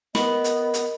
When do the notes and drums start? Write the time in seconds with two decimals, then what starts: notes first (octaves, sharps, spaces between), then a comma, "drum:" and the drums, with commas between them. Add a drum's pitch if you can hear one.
0.15 B3 A#4 D#5 B5, drum: snare
0.44 drum: hi-hat
0.74 drum: hi-hat